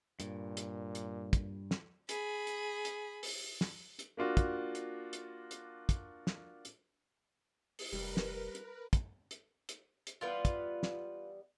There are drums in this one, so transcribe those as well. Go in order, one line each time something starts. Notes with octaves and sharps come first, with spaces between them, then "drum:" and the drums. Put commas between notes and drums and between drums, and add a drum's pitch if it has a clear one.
G2 A#2, drum: hi-hat
drum: hi-hat
drum: hi-hat
drum: kick, hi-hat
drum: snare
G#4 B5, drum: hi-hat
drum: hi-hat
drum: hi-hat
drum: open hi-hat
drum: snare
drum: hi-hat
A#3 D4 F4 F#4
drum: kick, hi-hat
drum: hi-hat
drum: hi-hat
drum: hi-hat
drum: kick, hi-hat
drum: snare
drum: hi-hat
drum: open hi-hat
F1 G3 A#4 B4
drum: snare
drum: hi-hat
drum: kick, hi-hat
drum: hi-hat
drum: hi-hat
drum: hi-hat
E3 G3 B3 F4 B4
drum: kick, hi-hat
drum: snare